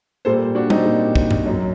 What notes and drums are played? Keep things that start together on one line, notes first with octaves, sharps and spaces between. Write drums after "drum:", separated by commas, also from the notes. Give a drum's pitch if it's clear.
A#2 G3 A4 C5
D4 F#4
C4 D#4, drum: tom
A#2 G3
drum: kick
drum: tom G2
F#2 F#3